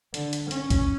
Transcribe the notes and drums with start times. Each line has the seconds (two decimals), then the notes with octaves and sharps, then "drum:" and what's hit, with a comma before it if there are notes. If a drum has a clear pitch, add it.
0.14 D3, drum: hi-hat
0.33 drum: hi-hat
0.51 C#4, drum: hi-hat
0.70 drum: kick, hi-hat